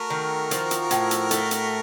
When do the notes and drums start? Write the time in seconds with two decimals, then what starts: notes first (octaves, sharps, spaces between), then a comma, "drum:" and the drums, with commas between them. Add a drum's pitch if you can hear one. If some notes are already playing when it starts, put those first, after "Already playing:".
Already playing: A3 F#4 A#4
0.10 D#3
0.51 F3, drum: hi-hat
0.71 drum: hi-hat
0.91 A2, drum: hi-hat
1.11 drum: hi-hat
1.31 A3, drum: hi-hat
1.51 drum: hi-hat